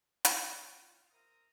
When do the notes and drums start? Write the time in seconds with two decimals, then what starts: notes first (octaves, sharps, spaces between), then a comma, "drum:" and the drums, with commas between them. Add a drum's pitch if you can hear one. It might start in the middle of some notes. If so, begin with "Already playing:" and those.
0.25 F4 A#4 B4 E5 F5 B5, drum: hi-hat
0.77 F4
1.10 A#4 C5 E5 A#5 D#6